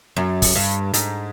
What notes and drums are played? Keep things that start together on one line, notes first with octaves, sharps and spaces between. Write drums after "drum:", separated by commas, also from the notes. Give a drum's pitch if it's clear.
F#2
drum: kick, open hi-hat
G2
G#2, drum: hi-hat